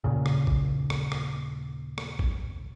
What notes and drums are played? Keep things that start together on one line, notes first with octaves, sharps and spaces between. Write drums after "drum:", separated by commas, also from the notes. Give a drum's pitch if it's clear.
D#2 A#2 C#3
drum: rim click
drum: kick
drum: rim click
drum: rim click
drum: rim click
drum: kick